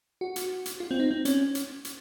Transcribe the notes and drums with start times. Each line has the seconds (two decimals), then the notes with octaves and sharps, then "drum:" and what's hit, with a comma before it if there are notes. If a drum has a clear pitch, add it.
0.21 F#4
0.36 drum: hi-hat
0.66 drum: hi-hat
0.80 F4
0.91 C4
1.00 D#4
1.11 C4
1.25 C#4, drum: hi-hat
1.55 drum: hi-hat
1.85 drum: hi-hat